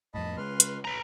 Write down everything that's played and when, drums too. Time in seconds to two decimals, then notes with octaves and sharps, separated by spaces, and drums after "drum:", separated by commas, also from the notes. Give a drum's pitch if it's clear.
0.14 F2 A2 D#5 A5 B5
0.37 C#3 G#3 B4 C6 F6
0.60 drum: hi-hat
0.85 B4 A#5